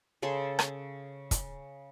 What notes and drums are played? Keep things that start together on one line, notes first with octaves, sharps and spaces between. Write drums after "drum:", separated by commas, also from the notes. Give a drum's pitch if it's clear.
C#3 G#4 A4 C6
drum: rim click
drum: kick, hi-hat